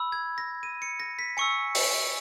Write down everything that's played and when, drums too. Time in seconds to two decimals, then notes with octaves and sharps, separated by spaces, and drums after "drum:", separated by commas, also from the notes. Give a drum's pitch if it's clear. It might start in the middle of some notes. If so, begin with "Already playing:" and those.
Already playing: B5 E6
0.12 G#6
0.38 A#6
0.63 D#7
0.82 C#7
1.00 A#6
1.19 B6
1.37 G#5 C#6 E6 C#7
1.75 drum: open hi-hat